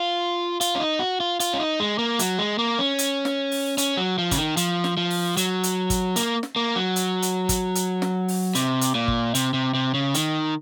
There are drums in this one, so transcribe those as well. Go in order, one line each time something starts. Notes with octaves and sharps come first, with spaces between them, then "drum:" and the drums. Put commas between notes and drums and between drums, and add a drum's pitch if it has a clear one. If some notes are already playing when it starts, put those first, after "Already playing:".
Already playing: F4
F4, drum: hi-hat
C#4
D#4
F#4
F4
F4, drum: hi-hat
C#4
D#4
G#3
A#3
F#3, drum: hi-hat
G#3
A#3
C#4
drum: hi-hat
drum: snare
drum: open hi-hat
C#4, drum: hi-hat
F#3
F3
C#3, drum: kick, hi-hat
D#3
F3, drum: hi-hat
drum: snare
F3
drum: open hi-hat
F#3, drum: hi-hat
drum: hi-hat
drum: kick, hi-hat
A#3, drum: hi-hat
drum: snare
A#3
F#3
drum: hi-hat
drum: hi-hat
drum: kick, hi-hat
drum: hi-hat
drum: snare
drum: open hi-hat
C3, drum: hi-hat
drum: hi-hat
A#2
drum: kick
C3, drum: hi-hat
C3
C3
C#3
D#3, drum: hi-hat